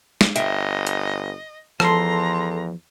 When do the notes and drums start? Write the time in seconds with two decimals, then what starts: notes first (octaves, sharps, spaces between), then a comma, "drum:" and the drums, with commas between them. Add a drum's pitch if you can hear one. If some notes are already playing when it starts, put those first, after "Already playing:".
0.21 drum: snare
0.36 G1 D#5 E5 G5, drum: hi-hat
0.87 drum: hi-hat
1.80 E2 F3 A4 A#5 C6, drum: rim click